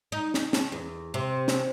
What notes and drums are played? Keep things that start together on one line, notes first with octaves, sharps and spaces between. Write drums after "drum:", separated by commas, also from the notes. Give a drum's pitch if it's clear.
D#4
drum: snare
drum: snare
E2
C3
drum: snare